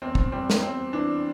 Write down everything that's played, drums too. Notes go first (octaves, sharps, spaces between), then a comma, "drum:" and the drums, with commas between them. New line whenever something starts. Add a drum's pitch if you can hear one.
E2 C4
drum: kick
G3 C4
drum: snare
E2 C4
E3 D4